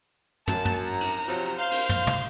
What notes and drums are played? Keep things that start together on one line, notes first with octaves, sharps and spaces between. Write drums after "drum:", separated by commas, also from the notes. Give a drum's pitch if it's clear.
F#2 A5, drum: tom
drum: tom
A#5
drum: cymbal
C3 F3 F#3
C5 F5 C6
drum: cymbal
drum: tom
drum: tom